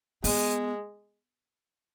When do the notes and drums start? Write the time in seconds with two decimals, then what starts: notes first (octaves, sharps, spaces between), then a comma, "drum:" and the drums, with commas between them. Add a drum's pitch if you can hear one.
0.24 G#3 B3, drum: open hi-hat